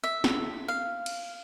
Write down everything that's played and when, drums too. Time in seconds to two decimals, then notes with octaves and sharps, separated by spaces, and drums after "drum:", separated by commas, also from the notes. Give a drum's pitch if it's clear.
0.04 E5
0.24 drum: snare
0.68 F5
1.06 drum: cymbal